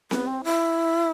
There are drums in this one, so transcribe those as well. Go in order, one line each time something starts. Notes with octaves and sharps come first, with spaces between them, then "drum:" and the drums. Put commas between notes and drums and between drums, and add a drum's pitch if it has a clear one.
B3, drum: snare C4
C4
E4